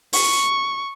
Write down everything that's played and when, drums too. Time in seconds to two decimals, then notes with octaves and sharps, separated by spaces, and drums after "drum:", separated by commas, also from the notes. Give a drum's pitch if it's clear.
0.13 C#6, drum: open hi-hat